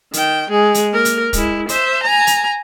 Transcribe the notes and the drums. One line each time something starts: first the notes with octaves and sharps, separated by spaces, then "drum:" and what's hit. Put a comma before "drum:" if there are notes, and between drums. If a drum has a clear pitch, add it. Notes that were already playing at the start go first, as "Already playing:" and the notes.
D#3 G5, drum: hi-hat
G#3 G#4
drum: hi-hat
A#3 A#4
drum: hi-hat
G#3 E4, drum: kick, hi-hat
C5 E5, drum: hi-hat
G#5 A#5
drum: hi-hat